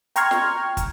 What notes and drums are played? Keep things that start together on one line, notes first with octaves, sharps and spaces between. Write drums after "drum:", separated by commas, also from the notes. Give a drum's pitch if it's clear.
G5 A#5 C6 C#6 F6 G#6, drum: hi-hat
drum: snare
drum: kick, hi-hat